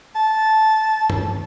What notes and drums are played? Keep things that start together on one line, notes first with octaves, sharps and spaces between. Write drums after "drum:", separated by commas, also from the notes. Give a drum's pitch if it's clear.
A5
drum: tom G2